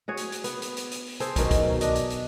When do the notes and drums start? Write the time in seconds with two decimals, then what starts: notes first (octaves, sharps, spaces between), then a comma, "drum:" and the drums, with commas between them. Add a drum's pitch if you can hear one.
0.08 F#4 G#4 C#5
0.17 drum: hi-hat
0.32 drum: hi-hat
0.44 B3, drum: hi-hat
0.62 drum: hi-hat
0.77 drum: hi-hat
0.92 drum: hi-hat
1.06 drum: open hi-hat
1.20 G#4 A4 C5, drum: hi-hat
1.36 B2 D#3 F#3 C#4, drum: kick, hi-hat
1.51 drum: kick, hi-hat
1.81 D4 D#5, drum: hi-hat
1.95 drum: hi-hat
2.10 drum: hi-hat